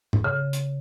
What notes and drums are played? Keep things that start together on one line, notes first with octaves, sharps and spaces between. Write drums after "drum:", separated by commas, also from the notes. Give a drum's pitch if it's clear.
drum: tom G#2
C#3
drum: hi-hat